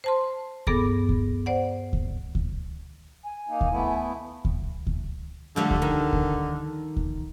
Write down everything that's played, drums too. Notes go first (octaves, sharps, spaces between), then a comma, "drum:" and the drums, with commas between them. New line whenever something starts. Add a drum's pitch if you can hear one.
C5 A5 C6
G2 B3 G#4 A4 D6 A#6, drum: kick D2
drum: kick D2
C5 D5 F#5
drum: kick D2
drum: kick D2
G#5
A#3 D#4
drum: kick D2
A3 B3 E4
drum: kick D2
drum: kick D2
D3 F3 G3 A3
drum: kick D2
D#3
drum: kick D2
drum: kick D2